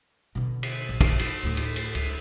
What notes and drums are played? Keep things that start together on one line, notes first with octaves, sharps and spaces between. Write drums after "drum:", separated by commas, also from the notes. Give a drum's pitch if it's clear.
B2 D3
drum: cymbal
A#1
drum: kick, cymbal
drum: cymbal
D2 A2
drum: cymbal
drum: cymbal
C#2, drum: cymbal